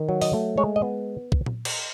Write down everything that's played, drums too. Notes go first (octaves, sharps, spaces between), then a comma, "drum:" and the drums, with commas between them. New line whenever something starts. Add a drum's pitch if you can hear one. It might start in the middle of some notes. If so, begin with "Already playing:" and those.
Already playing: D#3
F#3
D#5, drum: open hi-hat
A3
G#3 C#5
D#5
B3
drum: kick
drum: tom A#2
drum: cymbal